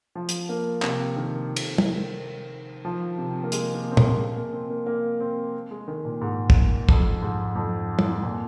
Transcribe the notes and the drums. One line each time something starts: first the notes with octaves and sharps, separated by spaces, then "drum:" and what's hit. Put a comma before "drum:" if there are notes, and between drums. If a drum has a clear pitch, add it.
F3
drum: hi-hat
A#3
C3, drum: clap
D#3
drum: cymbal
drum: tom
F3
C3
A#3
G#3, drum: hi-hat
A#3
C4
A#3, drum: tom
A#3
G#3
A#3
C4
A#3
A#3
C4
G#3
D#3
A#2
G#2
drum: kick
F2, drum: kick
G#2
F2
drum: tom
A#2